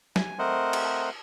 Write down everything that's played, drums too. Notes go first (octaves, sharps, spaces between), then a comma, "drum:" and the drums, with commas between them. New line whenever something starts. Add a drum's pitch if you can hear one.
G#5, drum: snare
A3 C4 A#4 C5 D#5 F#5
drum: cymbal